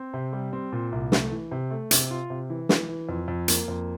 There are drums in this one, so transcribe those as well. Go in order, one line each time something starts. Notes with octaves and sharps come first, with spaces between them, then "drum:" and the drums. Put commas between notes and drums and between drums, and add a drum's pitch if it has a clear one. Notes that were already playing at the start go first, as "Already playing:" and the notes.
Already playing: C4
C3
G3
C4
A#2
C2
A3, drum: snare
E3
C3
A3
C3, drum: hi-hat
F4
C3
E3
E3, drum: snare
E3
F2
F2
A#3, drum: hi-hat
F2